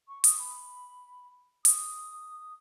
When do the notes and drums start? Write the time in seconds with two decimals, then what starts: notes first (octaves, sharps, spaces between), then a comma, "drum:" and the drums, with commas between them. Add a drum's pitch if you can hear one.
0.08 C#6
0.24 D#6, drum: hi-hat
0.39 B5
1.65 D#6, drum: hi-hat